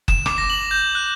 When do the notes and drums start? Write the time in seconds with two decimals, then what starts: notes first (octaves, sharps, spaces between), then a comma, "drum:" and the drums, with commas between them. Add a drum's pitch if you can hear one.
0.08 E7, drum: kick F#1
0.26 D6, drum: rim click
0.38 A#6
0.50 F#7
0.71 G6
0.95 F#6